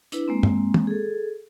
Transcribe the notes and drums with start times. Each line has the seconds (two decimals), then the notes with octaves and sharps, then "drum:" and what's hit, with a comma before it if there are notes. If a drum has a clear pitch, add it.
0.12 D4 E4 B4, drum: hi-hat
0.28 G#3 A#3 C4
0.43 drum: tom
0.74 drum: tom
0.87 G#4 A4